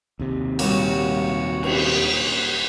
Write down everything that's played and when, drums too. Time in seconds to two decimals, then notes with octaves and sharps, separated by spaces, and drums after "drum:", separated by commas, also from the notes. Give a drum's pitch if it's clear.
0.19 D#2 C3
0.59 A#2 G3 A#3 F#4 C#5, drum: cymbal
1.63 drum: cymbal